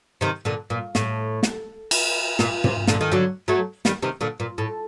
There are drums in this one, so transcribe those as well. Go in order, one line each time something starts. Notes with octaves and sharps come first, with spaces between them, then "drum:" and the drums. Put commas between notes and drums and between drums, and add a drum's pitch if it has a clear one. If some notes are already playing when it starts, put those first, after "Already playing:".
C3 D#3
A#2 D3
A#2
A2, drum: snare
drum: snare
drum: cymbal
A#2, drum: snare
C3, drum: tom
A#2 D3, drum: snare
D#3
D3 F#3
F#3 A3
D#3 G3, drum: snare
C3 D#3
A#2 D3
A#2
A2